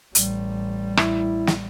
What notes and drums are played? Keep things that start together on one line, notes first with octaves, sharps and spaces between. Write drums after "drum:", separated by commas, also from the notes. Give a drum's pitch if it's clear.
A1 G3, drum: hi-hat
E4, drum: rim click
drum: snare